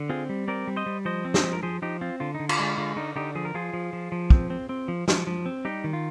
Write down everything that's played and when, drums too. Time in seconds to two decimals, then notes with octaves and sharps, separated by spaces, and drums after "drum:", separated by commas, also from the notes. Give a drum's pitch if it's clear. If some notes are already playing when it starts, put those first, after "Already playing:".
Already playing: D3
0.09 C4 F4 G#4
0.29 G3
0.48 C4 A#4 D5
0.67 G3
0.76 C5 D#5
0.86 G3
1.05 F3 C5 D#5
1.25 C4
1.34 C5 D#5, drum: snare
1.44 F3
1.53 A#4
1.63 F3 G#4 C5
1.82 F3 D#4 G4
2.01 C4 F4
2.20 D3 F4
2.35 D3 D#4
2.49 F4, drum: cymbal
2.59 G#3 F4
2.78 D3 F4
2.96 D3 D#4
3.16 D3 D#4 G4
3.35 F3 G#4
3.45 A#4
3.54 F3 F4 G#4
3.73 F3
3.93 F3
4.12 F3
4.30 C4, drum: kick
4.50 C4
4.69 C4
4.88 F3
5.08 F3, drum: snare
5.27 F3
5.46 C4
5.65 G3 D#4 G4
5.84 D#3
5.93 F4